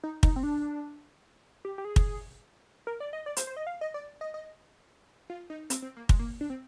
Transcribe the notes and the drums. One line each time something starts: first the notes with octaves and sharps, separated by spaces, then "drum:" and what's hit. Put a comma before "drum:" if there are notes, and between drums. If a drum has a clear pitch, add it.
D#4
D#4, drum: kick
C4
D4
G4
G4
G#4
drum: kick
A#4
D5
D#5
D5
C5, drum: hi-hat
C5
D#5
F5
D#5
D5
D#5
D#5
F4
D#4
C4, drum: hi-hat
C4
A#3
G#3, drum: kick
A#3
D4
C4